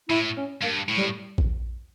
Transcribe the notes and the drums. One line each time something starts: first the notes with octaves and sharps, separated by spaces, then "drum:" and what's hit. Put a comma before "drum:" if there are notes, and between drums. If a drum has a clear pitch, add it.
A2 E4
C#4
G2 A#3
A2
G3
drum: kick A#1